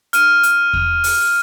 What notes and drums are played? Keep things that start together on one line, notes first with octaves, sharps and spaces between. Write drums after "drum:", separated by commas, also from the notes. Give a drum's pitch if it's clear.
F6 D#7, drum: hi-hat
drum: hi-hat
drum: kick E2
drum: open hi-hat